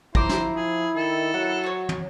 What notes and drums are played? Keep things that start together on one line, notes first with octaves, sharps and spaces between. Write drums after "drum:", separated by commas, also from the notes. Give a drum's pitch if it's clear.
F3 E4 C5 A#5 D6, drum: kick
drum: snare
F3 G#4
D#3 A4
F#3 F#5
F#4 C#5
drum: tom